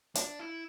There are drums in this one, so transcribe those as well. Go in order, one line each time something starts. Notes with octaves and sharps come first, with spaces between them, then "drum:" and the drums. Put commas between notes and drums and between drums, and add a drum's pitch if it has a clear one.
D4, drum: hi-hat
E4